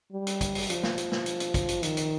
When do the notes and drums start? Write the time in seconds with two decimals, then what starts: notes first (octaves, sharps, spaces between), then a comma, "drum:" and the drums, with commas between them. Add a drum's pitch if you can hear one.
0.12 G3
0.27 drum: hi-hat
0.41 drum: kick, hi-hat
0.55 drum: open hi-hat
0.70 F3, drum: hi-hat
0.83 drum: snare
0.98 drum: hi-hat
1.12 drum: snare
1.26 drum: hi-hat
1.40 drum: hi-hat
1.54 drum: kick, hi-hat
1.68 drum: hi-hat
1.83 D#3, drum: hi-hat
1.97 drum: hi-hat